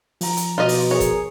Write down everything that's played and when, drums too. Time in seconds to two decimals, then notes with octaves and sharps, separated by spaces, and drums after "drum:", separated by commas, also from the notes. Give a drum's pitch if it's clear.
0.21 F3 A#5, drum: open hi-hat
0.37 drum: hi-hat
0.58 B2 F4 G4 D#5
0.69 drum: open hi-hat
0.91 G#4 A#4 C#5
1.00 drum: kick, hi-hat